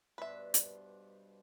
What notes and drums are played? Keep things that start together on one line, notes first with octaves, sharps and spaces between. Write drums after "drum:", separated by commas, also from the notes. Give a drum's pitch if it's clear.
G2 B2 B4 C5 E5
drum: hi-hat